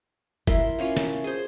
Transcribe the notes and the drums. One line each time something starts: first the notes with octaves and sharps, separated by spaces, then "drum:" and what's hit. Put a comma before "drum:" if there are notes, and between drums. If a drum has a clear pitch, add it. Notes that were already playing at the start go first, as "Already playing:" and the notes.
E4 A#4 E5 C6, drum: kick, hi-hat
A#3 C#4 F4
A5, drum: snare
G#4 C5